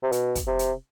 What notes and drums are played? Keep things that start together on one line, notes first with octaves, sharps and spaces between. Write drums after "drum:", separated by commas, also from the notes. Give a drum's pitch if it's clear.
C3
B2, drum: hi-hat
drum: kick, hi-hat
C3
drum: hi-hat